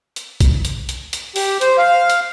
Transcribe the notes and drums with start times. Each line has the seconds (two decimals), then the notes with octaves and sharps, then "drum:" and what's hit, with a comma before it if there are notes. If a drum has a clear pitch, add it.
0.16 drum: hi-hat
0.40 drum: kick B1, hi-hat
0.65 drum: hi-hat
0.89 drum: hi-hat
1.13 drum: hi-hat
1.36 G4, drum: open hi-hat
1.61 C5, drum: hi-hat
1.78 F5
2.10 drum: hi-hat